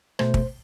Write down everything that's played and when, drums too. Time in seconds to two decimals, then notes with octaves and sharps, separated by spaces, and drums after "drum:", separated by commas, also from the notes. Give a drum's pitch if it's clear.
0.19 B2 A3 C5, drum: rim click
0.34 drum: kick